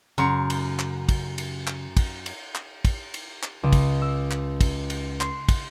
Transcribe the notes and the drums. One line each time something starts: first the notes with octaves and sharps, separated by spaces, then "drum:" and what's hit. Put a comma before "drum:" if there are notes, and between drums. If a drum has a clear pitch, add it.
F#2 C#3 A#5 C6 C#7
drum: cymbal
drum: clap
drum: kick, cymbal
drum: cymbal
drum: clap
drum: kick, cymbal
drum: cymbal
drum: clap
drum: kick, cymbal
drum: cymbal
drum: clap
C#2
drum: kick, cymbal
E6
drum: clap
drum: kick, cymbal
drum: cymbal
C6, drum: clap
drum: kick, cymbal